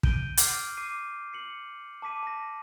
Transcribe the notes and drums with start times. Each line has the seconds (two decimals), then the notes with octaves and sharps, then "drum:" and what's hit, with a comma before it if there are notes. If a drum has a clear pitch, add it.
0.03 G6 D7 D#7 G7, drum: kick
0.37 D6 F6 G6 C7, drum: hi-hat
0.77 D6 C7 D#7
1.33 C7 C#7 F#7
2.02 A5 D6 B6 D#7
2.23 A5 A#6